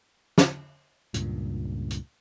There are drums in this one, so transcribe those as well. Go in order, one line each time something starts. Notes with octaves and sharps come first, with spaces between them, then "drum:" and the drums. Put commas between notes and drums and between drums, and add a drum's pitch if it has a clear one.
drum: snare
C#2 G2 A#2, drum: hi-hat
drum: hi-hat